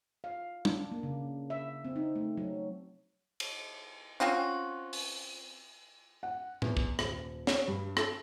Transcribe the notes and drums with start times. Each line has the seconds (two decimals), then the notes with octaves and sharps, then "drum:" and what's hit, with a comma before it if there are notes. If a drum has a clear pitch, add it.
0.24 F5
0.65 D4, drum: tom
0.92 A#3
1.03 C#3
1.50 E5
1.85 C4
1.96 D#4
2.16 A3
2.37 F#3
3.40 drum: cymbal
4.20 C4 C#4 F4 F#4
4.93 drum: open hi-hat
6.23 F#5
6.62 E2, drum: tom A2
6.77 drum: kick
6.99 D#1, drum: rim click
7.47 C#5, drum: snare
7.68 G2
7.97 A4, drum: rim click